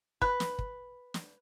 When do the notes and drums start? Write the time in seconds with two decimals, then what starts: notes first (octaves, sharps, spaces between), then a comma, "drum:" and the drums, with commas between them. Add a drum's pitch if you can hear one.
0.22 B4, drum: kick
0.40 drum: snare
0.59 drum: kick
1.14 drum: snare